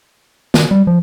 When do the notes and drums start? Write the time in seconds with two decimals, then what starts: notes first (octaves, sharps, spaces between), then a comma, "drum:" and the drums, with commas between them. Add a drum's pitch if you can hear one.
0.54 D#3, drum: snare
0.71 G3
0.87 F3